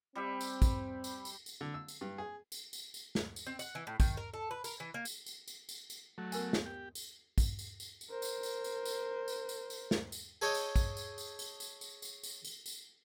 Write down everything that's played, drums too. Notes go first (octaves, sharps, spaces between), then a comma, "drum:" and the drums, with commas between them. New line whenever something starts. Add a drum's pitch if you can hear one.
G3 C4 G4 E5
drum: tambourine
drum: kick, tambourine
drum: tambourine
drum: tambourine
drum: tambourine
D3
E6
drum: tambourine
G2
G#4
drum: tambourine
drum: tambourine
drum: tambourine
drum: snare
drum: tambourine
C4
F#5, drum: tambourine
E3
A2
D#3, drum: kick, tambourine
A#4
A4
B4
A#4, drum: tambourine
E3
A#3
drum: tambourine
drum: tambourine
drum: tambourine
drum: tambourine
drum: tambourine
F#3 A3
B3 A#4 G#5, drum: tambourine
drum: snare
G4
drum: tambourine
drum: kick, tambourine
drum: tambourine
drum: tambourine
drum: tambourine
A#4 C5
drum: tambourine
drum: tambourine
drum: tambourine
drum: tambourine
drum: tambourine
drum: tambourine
drum: tambourine
drum: snare
drum: tambourine
G#4 A4 C#5 D#5 G5
drum: tambourine
drum: kick, tambourine
drum: tambourine
drum: tambourine
drum: tambourine
drum: tambourine
drum: tambourine
drum: tambourine
drum: tambourine
drum: tambourine
drum: tambourine